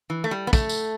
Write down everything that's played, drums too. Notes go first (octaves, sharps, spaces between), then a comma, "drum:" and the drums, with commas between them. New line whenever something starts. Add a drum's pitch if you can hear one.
E3
A3
G3
B3
A3, drum: kick, tambourine
drum: tambourine